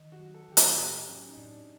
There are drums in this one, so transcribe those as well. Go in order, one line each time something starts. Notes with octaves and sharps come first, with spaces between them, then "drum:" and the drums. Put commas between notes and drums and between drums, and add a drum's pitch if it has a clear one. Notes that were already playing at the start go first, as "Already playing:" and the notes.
Already playing: D#3 D#5
F#4
F#3
A4
D#3 G4
G#4, drum: hi-hat
A2 G4
F#3 C#4
D#4
A2 D4